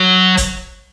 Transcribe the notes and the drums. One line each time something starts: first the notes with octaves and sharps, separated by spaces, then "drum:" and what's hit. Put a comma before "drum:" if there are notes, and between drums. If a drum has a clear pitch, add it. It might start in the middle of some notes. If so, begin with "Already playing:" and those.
Already playing: F#3
drum: kick, hi-hat